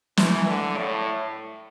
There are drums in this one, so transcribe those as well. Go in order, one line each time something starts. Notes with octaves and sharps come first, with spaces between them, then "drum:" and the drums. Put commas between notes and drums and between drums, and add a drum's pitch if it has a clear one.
E3, drum: snare
D3
A2